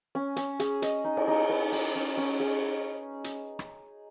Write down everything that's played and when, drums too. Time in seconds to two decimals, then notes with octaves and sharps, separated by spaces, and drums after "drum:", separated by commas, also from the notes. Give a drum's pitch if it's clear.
0.15 C#4
0.36 C#4, drum: hi-hat
0.59 G#4, drum: hi-hat
0.82 D#5, drum: hi-hat
1.04 D#4
1.17 drum: cymbal
1.28 D#4
1.49 B4
1.72 D#5, drum: open hi-hat
1.95 C#4
2.17 C#4
2.40 G#4
3.24 drum: hi-hat
3.59 drum: rim click